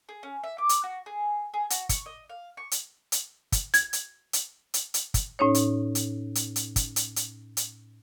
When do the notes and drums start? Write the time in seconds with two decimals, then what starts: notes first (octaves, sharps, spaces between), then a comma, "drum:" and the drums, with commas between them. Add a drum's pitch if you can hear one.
0.09 G#4
0.23 C#4
0.44 E5
0.58 D6
0.69 drum: hi-hat
0.84 F#4
1.06 G#4
1.54 G#4
1.70 F#4, drum: hi-hat
1.89 C#6, drum: kick, hi-hat
2.06 D#5
2.30 F5
2.57 C#6
2.71 drum: hi-hat
3.12 drum: hi-hat
3.52 drum: kick, hi-hat
3.74 G#6, drum: hi-hat
3.93 drum: hi-hat
4.33 drum: hi-hat
4.74 drum: hi-hat
4.94 drum: hi-hat
5.14 drum: kick, hi-hat
5.39 A2 C#4 D#4 C#5
5.55 drum: hi-hat
5.95 drum: hi-hat
6.35 drum: hi-hat
6.56 drum: hi-hat
6.76 drum: kick, hi-hat
6.96 drum: hi-hat
7.16 drum: hi-hat
7.57 drum: hi-hat